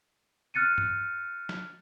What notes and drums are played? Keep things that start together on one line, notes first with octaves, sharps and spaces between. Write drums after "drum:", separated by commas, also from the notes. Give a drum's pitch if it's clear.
F6 F#6 A6 C#7 D#7
drum: tom G2
drum: snare